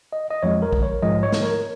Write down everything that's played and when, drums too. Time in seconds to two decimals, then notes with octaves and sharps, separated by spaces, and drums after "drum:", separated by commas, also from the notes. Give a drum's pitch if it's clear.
0.13 D#5
0.31 D#5
0.43 F2 F3 G#3 C#5
0.62 A#4
0.73 drum: kick
0.83 C#5
1.02 G#2 F3 G#3 D#5
1.23 C#5
1.32 drum: snare
1.43 A#4